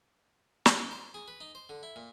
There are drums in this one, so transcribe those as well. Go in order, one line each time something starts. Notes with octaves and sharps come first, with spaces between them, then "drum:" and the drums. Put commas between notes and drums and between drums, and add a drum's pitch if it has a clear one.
A#4, drum: snare
D#4
C5
G#4
B4
D#4
C5
D3
E4
A#2